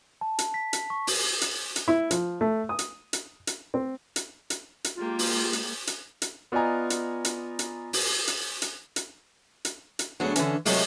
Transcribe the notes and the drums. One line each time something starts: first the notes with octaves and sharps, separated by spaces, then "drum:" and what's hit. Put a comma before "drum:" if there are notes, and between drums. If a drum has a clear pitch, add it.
A5
drum: hi-hat
B6
drum: hi-hat
C#6
drum: open hi-hat
drum: hi-hat
drum: hi-hat
E4
F3, drum: hi-hat
A3
D#6
drum: hi-hat
drum: hi-hat
drum: hi-hat
C4
drum: hi-hat
drum: hi-hat
drum: hi-hat
G#3 A#3 F4 G4
drum: open hi-hat
drum: hi-hat
drum: hi-hat
drum: hi-hat
B3 F4 D5 D#5 G#5 A#5
drum: hi-hat
drum: hi-hat
drum: hi-hat
drum: open hi-hat
drum: hi-hat
drum: hi-hat
drum: hi-hat
drum: hi-hat
drum: hi-hat
A2 C#3 F#3 B3 D4
D3 E3 C#4, drum: hi-hat
C3 F#3 G#3 A3, drum: open hi-hat